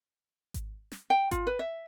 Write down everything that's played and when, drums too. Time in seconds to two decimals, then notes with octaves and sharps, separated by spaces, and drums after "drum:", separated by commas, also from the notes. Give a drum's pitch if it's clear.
0.54 drum: kick G#1, hi-hat
0.92 drum: snare
1.10 G5
1.31 F4, drum: kick G#1, hi-hat
1.47 B4
1.59 E5